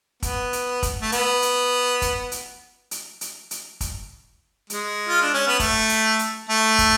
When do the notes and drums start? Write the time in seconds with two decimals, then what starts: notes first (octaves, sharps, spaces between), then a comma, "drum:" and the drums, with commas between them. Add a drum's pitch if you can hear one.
0.22 B3, drum: kick, hi-hat
0.53 drum: hi-hat
0.83 drum: kick, hi-hat
1.02 A3
1.12 B3, drum: hi-hat
1.42 drum: hi-hat
2.02 drum: kick, hi-hat
2.32 drum: hi-hat
2.91 drum: hi-hat
3.21 drum: hi-hat
3.51 drum: hi-hat
3.81 drum: kick, hi-hat
4.70 G#3, drum: hi-hat
5.09 F4
5.22 D4
5.34 C#4
5.47 B3
5.60 A3, drum: kick, hi-hat
5.89 drum: hi-hat
6.19 drum: hi-hat
6.49 A3
6.79 drum: kick, hi-hat